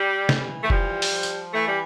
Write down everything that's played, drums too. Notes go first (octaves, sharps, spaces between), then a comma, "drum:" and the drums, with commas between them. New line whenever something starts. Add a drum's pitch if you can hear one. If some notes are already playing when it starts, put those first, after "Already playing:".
Already playing: G3
E3, drum: snare
A3
F3 G3, drum: kick F1
drum: open hi-hat
F3
drum: tambourine
E3 A3
G3